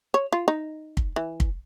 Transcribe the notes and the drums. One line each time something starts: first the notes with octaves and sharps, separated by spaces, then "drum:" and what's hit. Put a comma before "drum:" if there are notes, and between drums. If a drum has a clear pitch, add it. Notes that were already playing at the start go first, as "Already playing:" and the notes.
C#5
F4
D#4
drum: kick
E3
drum: kick